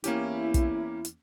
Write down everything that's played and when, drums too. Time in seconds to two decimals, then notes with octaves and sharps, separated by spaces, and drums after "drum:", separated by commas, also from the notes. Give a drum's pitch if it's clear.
0.04 E2 A#3 C#4 E4 G4, drum: hi-hat
0.54 drum: kick, hi-hat
1.05 drum: hi-hat